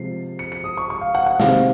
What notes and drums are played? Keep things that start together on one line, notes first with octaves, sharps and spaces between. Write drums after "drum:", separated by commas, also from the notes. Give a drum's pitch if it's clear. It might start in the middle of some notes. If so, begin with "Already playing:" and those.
Already playing: C3 F3 G#3 C4 C7
C#7
C#7
D#6
C#6
C#6
F5
F#5
F#5
C3 D#3 G#3 C4 F5, drum: snare